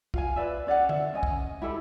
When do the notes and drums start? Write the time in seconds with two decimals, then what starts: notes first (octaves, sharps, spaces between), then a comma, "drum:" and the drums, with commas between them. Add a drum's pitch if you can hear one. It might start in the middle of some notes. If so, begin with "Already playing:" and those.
0.14 F4 F5 G#5, drum: kick
0.36 B4 D5 E5
0.67 C#4 D5 F5 F#5
0.89 E5, drum: tom D3
1.14 C#4 D#5 G#5
1.23 drum: kick
1.62 E4 G4 A4 B5